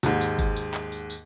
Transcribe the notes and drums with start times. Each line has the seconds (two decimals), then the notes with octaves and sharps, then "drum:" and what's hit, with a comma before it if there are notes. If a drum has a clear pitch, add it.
0.03 D#2 G#2, drum: tambourine
0.21 drum: tambourine
0.39 drum: kick G1, tambourine
0.56 drum: tambourine
0.74 drum: clap
0.92 drum: tambourine
1.10 drum: tambourine